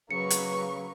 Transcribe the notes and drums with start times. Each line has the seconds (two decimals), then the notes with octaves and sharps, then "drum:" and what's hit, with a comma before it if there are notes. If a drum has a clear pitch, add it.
0.11 C#3 F#3 A#3 B4 C#6 C#7
0.30 drum: hi-hat